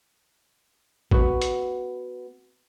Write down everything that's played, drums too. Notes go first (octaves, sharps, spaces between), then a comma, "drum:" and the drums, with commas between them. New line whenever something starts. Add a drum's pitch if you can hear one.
B3 F#4, drum: kick
drum: hi-hat